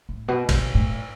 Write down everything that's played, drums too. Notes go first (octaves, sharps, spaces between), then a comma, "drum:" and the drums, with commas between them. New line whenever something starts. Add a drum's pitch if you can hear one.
A2
B2
B2, drum: kick G1, cymbal
A2